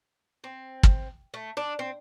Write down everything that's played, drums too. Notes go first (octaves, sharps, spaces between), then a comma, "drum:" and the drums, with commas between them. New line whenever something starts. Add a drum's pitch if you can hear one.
C4
drum: kick
A3
D4
C4